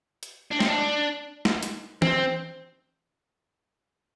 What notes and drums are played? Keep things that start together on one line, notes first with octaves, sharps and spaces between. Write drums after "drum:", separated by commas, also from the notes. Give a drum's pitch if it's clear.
drum: hi-hat
D4
C4, drum: snare
D4
drum: snare
drum: hi-hat
C4, drum: tom E3